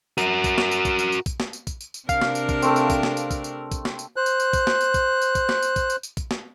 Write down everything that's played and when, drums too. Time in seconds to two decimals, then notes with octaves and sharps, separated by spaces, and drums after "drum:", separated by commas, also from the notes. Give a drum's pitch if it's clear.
0.18 F#4 A#4, drum: tambourine
0.44 drum: kick, tambourine
0.58 drum: snare
0.71 drum: tambourine
0.85 drum: kick, tambourine
0.99 drum: tambourine
1.12 drum: tambourine
1.26 drum: kick, tambourine
1.40 drum: snare
1.53 drum: tambourine
1.67 drum: kick, tambourine
1.81 drum: tambourine
1.94 drum: tambourine
2.09 C3 D4 A#4 F5, drum: kick, tambourine
2.21 drum: snare
2.35 drum: tambourine
2.49 drum: kick, tambourine
2.62 A3 C4, drum: tambourine
2.76 drum: tambourine
2.90 drum: kick, tambourine
3.03 drum: snare
3.17 drum: tambourine
3.31 drum: kick, tambourine
3.44 drum: tambourine
3.72 drum: kick, tambourine
3.85 drum: snare
3.99 drum: tambourine
4.16 C5 F#6
4.26 drum: tambourine
4.40 drum: tambourine
4.53 drum: kick, tambourine
4.67 drum: snare
4.81 drum: tambourine
4.94 drum: kick, tambourine
5.22 drum: tambourine
5.35 drum: kick, tambourine
5.49 drum: snare
5.62 drum: tambourine
5.76 drum: kick, tambourine
5.90 drum: tambourine
6.03 drum: tambourine
6.17 drum: kick, tambourine
6.31 drum: snare